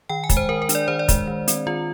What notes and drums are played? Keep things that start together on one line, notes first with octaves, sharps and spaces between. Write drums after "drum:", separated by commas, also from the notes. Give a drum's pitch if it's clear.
D#3 G5
G#5
G#3, drum: kick, hi-hat
C5
D#3 A#4
A#4
D4, drum: hi-hat
D5
D#3 C5
D5
G#3, drum: kick, hi-hat
D#3
C4, drum: hi-hat
D#3 F4